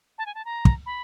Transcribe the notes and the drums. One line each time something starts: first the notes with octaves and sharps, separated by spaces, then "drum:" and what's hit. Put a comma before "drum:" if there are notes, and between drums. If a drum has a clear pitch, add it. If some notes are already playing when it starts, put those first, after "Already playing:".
A5
G#5
A5
A#5
drum: kick
B5